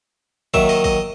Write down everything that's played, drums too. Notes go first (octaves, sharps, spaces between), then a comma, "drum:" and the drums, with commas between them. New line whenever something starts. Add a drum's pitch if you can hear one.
D#2 D#3 F#3 E5, drum: kick
D#5
D#5, drum: kick